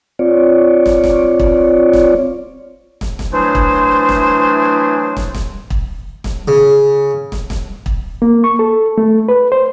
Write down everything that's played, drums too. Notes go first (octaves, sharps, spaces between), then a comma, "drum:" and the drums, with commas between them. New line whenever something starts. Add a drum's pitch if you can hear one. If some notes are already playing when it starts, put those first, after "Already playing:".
C4 F4 C#5 D5
drum: snare
drum: snare
drum: kick
drum: snare
drum: snare
drum: snare
E3 F#3 A3 D4 G#4 C5
drum: kick
drum: snare
drum: snare
drum: snare
drum: kick
drum: snare
C#3
drum: snare
drum: snare
drum: kick
A#3
C#6
A4
A3
B4
C5